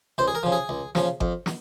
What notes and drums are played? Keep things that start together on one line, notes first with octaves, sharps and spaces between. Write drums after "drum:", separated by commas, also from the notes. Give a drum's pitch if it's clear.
C#2 C5
G#4
A#4
C#3 F3
G#4
C#2
C#3 F3, drum: snare
F2, drum: kick G1
drum: snare